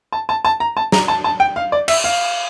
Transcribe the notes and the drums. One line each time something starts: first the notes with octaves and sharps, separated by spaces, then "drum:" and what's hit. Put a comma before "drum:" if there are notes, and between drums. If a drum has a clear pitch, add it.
A5
A5
A5
A#5
A5
A#5, drum: snare
A5
A5
G5
F5
D5
E5, drum: cymbal
F5